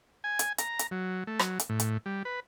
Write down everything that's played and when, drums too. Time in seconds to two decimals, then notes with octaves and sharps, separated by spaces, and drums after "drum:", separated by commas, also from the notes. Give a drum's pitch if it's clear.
0.24 G#5
0.39 drum: hi-hat
0.58 A#5, drum: hi-hat
0.79 drum: hi-hat
0.91 F#3
1.27 A3
1.39 F#3, drum: rim click
1.59 drum: hi-hat
1.69 A2
1.80 drum: hi-hat
2.06 G3
2.25 B4